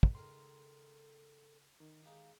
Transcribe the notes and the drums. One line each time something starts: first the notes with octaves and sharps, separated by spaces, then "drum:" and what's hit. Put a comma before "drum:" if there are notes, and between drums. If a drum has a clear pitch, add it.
drum: kick
C#2 D#3 A4 A#4 C6
D#3 D#4
G#3 D#4 G4 F5